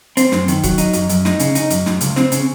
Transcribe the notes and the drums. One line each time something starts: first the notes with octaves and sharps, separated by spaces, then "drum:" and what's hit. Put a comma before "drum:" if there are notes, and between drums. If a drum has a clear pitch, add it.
C4, drum: hi-hat
F#2, drum: snare
D#3, drum: hi-hat
F#3, drum: kick, hi-hat
D#4, drum: hi-hat
F#2, drum: hi-hat
F#2, drum: hi-hat
D#4, drum: snare
C#3, drum: hi-hat
D#4, drum: hi-hat
F#2, drum: hi-hat
F#2, drum: snare
C#2, drum: hi-hat
C4, drum: snare
C#3, drum: hi-hat